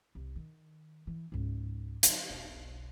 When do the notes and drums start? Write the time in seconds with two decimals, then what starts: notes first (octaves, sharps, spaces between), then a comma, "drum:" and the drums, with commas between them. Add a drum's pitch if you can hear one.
0.15 C2
0.36 D#3
1.07 E3
1.32 C#2 G#2
2.03 D3 F#3, drum: hi-hat
2.30 E1 B1